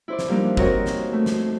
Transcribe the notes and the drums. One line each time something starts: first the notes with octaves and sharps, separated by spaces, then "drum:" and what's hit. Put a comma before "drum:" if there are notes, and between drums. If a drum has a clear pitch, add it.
E4 C5 D5
drum: snare
F3 G3 A#3 D4 D#4
C4 F#4 A#4 C#5 D#5 G5, drum: kick G#1
drum: snare
A3
drum: snare